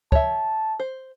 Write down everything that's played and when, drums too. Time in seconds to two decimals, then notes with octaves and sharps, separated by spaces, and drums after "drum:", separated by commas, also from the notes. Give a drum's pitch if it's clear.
0.12 C#5 E5 A5, drum: kick
0.80 C5